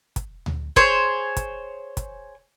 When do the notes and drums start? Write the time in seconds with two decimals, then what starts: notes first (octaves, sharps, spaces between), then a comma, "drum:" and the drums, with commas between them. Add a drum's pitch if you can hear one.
0.16 drum: kick, hi-hat
0.46 drum: tom D2
0.76 G#4 C5 C#5, drum: kick
1.37 drum: kick, hi-hat
1.97 drum: kick, hi-hat